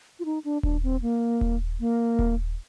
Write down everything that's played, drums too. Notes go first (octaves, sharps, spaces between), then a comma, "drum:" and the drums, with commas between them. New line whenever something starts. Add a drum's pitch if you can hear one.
F4
D#4
D4
D4, drum: kick D#1
C4
A#3
drum: kick D#1
A#3
drum: kick D#1